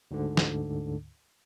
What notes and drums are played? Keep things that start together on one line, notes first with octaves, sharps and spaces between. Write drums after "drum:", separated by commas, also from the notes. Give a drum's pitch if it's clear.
D2 G#2 D3
drum: snare